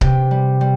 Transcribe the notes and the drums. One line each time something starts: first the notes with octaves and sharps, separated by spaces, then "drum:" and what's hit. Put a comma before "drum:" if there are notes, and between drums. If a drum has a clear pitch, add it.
C3 G4, drum: kick C#1
G3
G3